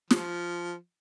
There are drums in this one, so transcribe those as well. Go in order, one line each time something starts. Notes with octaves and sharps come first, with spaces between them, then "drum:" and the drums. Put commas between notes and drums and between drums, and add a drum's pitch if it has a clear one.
F3, drum: snare